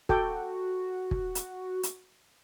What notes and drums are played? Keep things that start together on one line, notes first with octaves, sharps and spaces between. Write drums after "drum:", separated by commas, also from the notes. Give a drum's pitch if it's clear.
F#4 A4 G5 D6, drum: kick
drum: kick
drum: hi-hat
drum: hi-hat